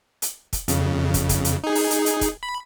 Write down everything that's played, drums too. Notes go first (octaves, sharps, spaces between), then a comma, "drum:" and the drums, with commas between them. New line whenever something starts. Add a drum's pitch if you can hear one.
drum: hi-hat
drum: kick, hi-hat
F2 C#3, drum: hi-hat
drum: kick, hi-hat
drum: kick, hi-hat
drum: hi-hat
D#4 G#4
drum: open hi-hat
drum: hi-hat
drum: hi-hat
drum: kick, hi-hat
B5